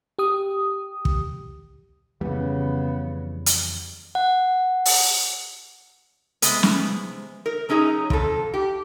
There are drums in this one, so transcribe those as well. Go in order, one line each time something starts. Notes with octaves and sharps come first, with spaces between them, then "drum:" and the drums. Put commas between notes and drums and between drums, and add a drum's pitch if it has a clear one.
G4 D#6
drum: kick
F2 C#3 E3 G3 B3
drum: hi-hat
F#5
drum: open hi-hat
C3 G#3 B3, drum: hi-hat
drum: snare
A#4
F#3 C#4 D#4 G#4 A#5
F2 A4, drum: kick
G4